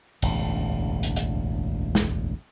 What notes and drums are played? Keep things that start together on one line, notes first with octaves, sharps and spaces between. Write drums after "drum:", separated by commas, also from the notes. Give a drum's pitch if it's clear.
E1 A1 D2 C#3, drum: cymbal
drum: hi-hat
drum: hi-hat
drum: snare